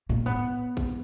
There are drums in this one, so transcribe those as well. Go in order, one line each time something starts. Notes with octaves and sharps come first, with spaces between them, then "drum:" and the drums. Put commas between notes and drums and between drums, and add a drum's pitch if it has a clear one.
A#3, drum: tom A2
B3
drum: kick